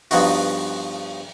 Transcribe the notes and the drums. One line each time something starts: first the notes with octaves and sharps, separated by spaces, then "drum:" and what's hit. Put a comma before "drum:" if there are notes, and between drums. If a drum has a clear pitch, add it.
G2 F3 B3 D#4 F#4, drum: open hi-hat